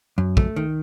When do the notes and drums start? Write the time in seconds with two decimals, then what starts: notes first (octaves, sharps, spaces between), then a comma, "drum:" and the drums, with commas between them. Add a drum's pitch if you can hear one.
0.18 F#2
0.37 A3, drum: kick
0.56 D#3